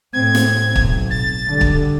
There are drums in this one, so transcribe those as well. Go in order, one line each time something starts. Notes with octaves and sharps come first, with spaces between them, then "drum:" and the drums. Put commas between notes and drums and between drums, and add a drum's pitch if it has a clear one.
A2 C4 G#6
drum: snare
B1, drum: kick
A6
D3 G3
drum: kick